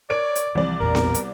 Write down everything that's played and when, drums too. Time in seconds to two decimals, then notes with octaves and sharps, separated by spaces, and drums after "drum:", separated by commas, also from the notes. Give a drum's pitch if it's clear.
0.10 A#4 C#5 D5 D7
0.36 drum: hi-hat
0.55 C2 E3 F3 D5
0.80 A1 E2 A#2 A#4
0.95 drum: snare B3
1.14 drum: hi-hat